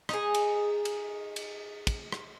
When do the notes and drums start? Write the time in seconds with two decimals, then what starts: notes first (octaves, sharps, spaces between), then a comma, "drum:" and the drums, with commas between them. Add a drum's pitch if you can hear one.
0.09 D#4 G#4, drum: rim click
0.34 drum: cymbal
0.85 drum: cymbal
1.36 drum: cymbal
1.87 drum: kick, cymbal
2.12 drum: rim click